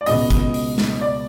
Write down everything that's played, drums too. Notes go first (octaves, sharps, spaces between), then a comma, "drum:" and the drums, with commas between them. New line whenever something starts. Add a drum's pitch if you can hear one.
D5
C#2 B2 G#3 B3 D#5, drum: open hi-hat
drum: kick, hi-hat
drum: open hi-hat
drum: snare
D5